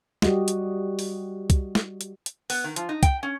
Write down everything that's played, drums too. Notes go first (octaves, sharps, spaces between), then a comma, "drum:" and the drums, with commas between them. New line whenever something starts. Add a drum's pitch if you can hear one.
G3 F#4 G4 D#5, drum: snare
drum: hi-hat
drum: open hi-hat
drum: kick, hi-hat
drum: snare
drum: hi-hat
drum: hi-hat
B3, drum: open hi-hat
D#3
F3, drum: hi-hat
D#4
G5, drum: kick, hi-hat
C#4